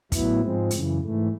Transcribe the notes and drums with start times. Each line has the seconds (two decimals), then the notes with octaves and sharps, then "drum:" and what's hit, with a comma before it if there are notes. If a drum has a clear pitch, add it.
0.12 A2 F#3 B3 E4, drum: kick, hi-hat
0.41 G#2 F3 G#3 C4
0.71 F#2 C#3 E3, drum: hi-hat
1.00 G#2 E3 A3